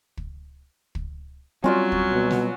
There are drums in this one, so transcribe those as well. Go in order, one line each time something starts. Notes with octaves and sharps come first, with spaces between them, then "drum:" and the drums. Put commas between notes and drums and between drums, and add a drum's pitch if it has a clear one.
drum: kick
drum: kick
F#3 G3 C4 C#4 F4 D5
drum: kick
B2
drum: snare